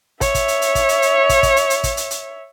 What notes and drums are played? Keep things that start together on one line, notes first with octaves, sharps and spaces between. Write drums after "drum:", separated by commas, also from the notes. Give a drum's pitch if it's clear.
C#5 E5, drum: kick, hi-hat
drum: kick, hi-hat
drum: hi-hat
drum: hi-hat
drum: kick, hi-hat
drum: hi-hat
drum: hi-hat
drum: kick, hi-hat
drum: kick, hi-hat
drum: hi-hat
drum: hi-hat
drum: kick, hi-hat
drum: hi-hat
drum: hi-hat